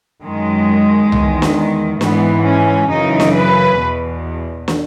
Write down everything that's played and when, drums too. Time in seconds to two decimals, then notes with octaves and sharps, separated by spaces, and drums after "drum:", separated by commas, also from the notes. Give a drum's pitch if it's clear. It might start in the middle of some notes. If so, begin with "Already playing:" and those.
0.23 F#2 D#3 G#3
1.12 E2 D#3, drum: tom C2
1.42 drum: snare
2.01 G#2 E3 B3, drum: snare
2.45 C#4
2.90 F#2 C#3 E3 D#4
3.20 drum: snare
3.35 B4
3.78 E2 B2
4.68 drum: snare